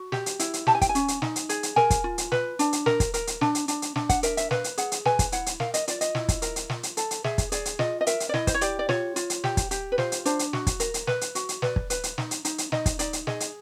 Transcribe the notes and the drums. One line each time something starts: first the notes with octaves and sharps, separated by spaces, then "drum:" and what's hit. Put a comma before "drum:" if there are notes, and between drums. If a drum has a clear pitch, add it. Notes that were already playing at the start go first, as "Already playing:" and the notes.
Already playing: F#4
G4, drum: snare
drum: hi-hat
E4, drum: hi-hat
drum: hi-hat
G4 A5, drum: snare
G#5
G5, drum: kick, hi-hat
G#5
C#4, drum: hi-hat
drum: hi-hat
D#4, drum: snare
drum: hi-hat
G#4, drum: hi-hat
drum: hi-hat
A#4 G#5, drum: snare
drum: kick, hi-hat
F4
drum: hi-hat
B4, drum: snare
D4, drum: hi-hat
drum: hi-hat
A#4, drum: snare
drum: kick, hi-hat
A#4, drum: hi-hat
drum: hi-hat
D4, drum: snare
drum: hi-hat
D4, drum: hi-hat
drum: hi-hat
D4, drum: snare
F#5, drum: kick, hi-hat
A#4 E5, drum: hi-hat
E5, drum: hi-hat
B4 F5, drum: snare
drum: hi-hat
G#4 F#5, drum: hi-hat
drum: hi-hat
B4 G#5, drum: snare
drum: kick, hi-hat
E4 F#5, drum: hi-hat
drum: hi-hat
A#4 F5, drum: snare
D#5, drum: hi-hat
F4 D5, drum: hi-hat
D#5, drum: hi-hat
E4, drum: snare
drum: kick, hi-hat
A#4, drum: hi-hat
drum: hi-hat
F4, drum: snare
drum: hi-hat
A4, drum: hi-hat
drum: hi-hat
G#4 E5, drum: snare
drum: kick, hi-hat
G#4 D5, drum: hi-hat
drum: hi-hat
F4 D#5, drum: snare
D#5
A#4 E5, drum: hi-hat
drum: hi-hat
D5
E4 D#5, drum: snare
C5, drum: kick, hi-hat
C#5
G4 D5, drum: hi-hat
D5
F4 C#5, drum: snare
F4, drum: hi-hat
drum: hi-hat
G4, drum: snare
drum: kick, hi-hat
G4, drum: hi-hat
B4
F4 C5, drum: snare
drum: hi-hat
D4 C5, drum: hi-hat
drum: hi-hat
F#4, drum: snare
drum: kick, hi-hat
A#4, drum: hi-hat
drum: hi-hat
B4, drum: snare
drum: hi-hat
F#4, drum: hi-hat
drum: hi-hat
B4 D5, drum: snare
drum: kick
B4, drum: hi-hat
drum: hi-hat
D#4, drum: snare
drum: hi-hat
D#4, drum: hi-hat
drum: hi-hat
D#4 D#5, drum: snare
drum: kick, hi-hat
D#4 D5, drum: hi-hat
drum: hi-hat
G#4 D#5, drum: snare
drum: hi-hat